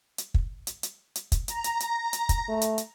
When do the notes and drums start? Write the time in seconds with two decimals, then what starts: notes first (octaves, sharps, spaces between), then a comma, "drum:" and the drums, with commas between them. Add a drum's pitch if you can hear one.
0.18 drum: hi-hat
0.34 drum: kick
0.67 drum: hi-hat
0.83 drum: hi-hat
1.16 drum: hi-hat
1.32 drum: kick, hi-hat
1.48 A#5, drum: hi-hat
1.64 drum: hi-hat
1.80 drum: hi-hat
2.13 drum: hi-hat
2.29 drum: kick, hi-hat
2.48 A3
2.62 drum: hi-hat
2.78 drum: hi-hat